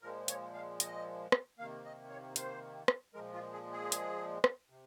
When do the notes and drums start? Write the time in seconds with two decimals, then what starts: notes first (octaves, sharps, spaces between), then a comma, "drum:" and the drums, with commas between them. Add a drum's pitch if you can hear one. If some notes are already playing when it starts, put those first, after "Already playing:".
0.02 A#2 F3 G#3 A#4
0.28 C#5, drum: hi-hat
0.54 F5
0.80 D#5, drum: hi-hat
1.32 drum: rim click
1.58 C3 D#3 A#3 F5
1.85 D#5
2.10 C#5
2.36 C5, drum: hi-hat
2.88 drum: rim click
3.14 A#2 F3 G#3 A#4
3.33 F4
3.53 G#4
3.73 G#4
3.92 drum: hi-hat
4.44 drum: rim click
4.70 C3